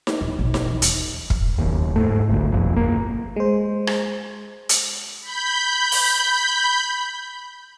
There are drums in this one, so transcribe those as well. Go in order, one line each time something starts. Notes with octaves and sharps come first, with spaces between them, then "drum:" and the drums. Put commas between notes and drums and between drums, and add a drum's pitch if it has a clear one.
drum: snare D#4
D1
A#1 B2
D#3, drum: snare D#4
E3
D#1, drum: hi-hat
drum: kick
F#1 D#2
G#2 A3
D#1 G#1 D2
F1 B1 F2
G1 A#3
G#3 C5
drum: rim click
drum: hi-hat
B5 G6
drum: open hi-hat